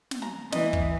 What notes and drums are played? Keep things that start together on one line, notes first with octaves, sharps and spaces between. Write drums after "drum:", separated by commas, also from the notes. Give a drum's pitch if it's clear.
drum: snare
A#5
E3 D#5, drum: snare
drum: kick